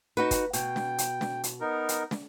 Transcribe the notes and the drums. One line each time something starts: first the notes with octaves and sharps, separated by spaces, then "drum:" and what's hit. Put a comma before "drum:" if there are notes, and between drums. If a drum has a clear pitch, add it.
D#4 F#4 B4
drum: kick, hi-hat
B2 G5, drum: hi-hat
drum: snare
drum: hi-hat
drum: snare
drum: hi-hat
B3 D#4 A#4
drum: hi-hat
drum: snare